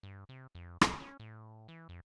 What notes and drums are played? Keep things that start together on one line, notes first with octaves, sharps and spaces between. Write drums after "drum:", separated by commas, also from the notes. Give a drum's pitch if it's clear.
G2
C3
F2
B1, drum: rim click
C#4
A2
E3
F2